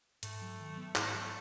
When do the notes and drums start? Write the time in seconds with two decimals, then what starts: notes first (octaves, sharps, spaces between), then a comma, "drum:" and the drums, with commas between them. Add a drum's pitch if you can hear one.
0.23 G#2 A3, drum: hi-hat
0.42 F#3
0.60 D#3
0.77 B3
0.96 G#2 A3, drum: clap
1.15 F#3